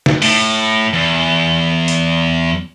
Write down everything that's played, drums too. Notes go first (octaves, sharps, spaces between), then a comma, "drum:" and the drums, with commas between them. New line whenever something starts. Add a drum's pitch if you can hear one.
drum: snare
A2, drum: open hi-hat
E2
drum: hi-hat